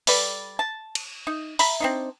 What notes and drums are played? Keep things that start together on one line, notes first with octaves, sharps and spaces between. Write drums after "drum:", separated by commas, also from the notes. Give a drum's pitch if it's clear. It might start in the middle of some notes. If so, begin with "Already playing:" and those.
G3 A4 B4 D5, drum: open hi-hat
A5
drum: cymbal
D#4
E5 A#5 B5, drum: open hi-hat
C4 D4 D#4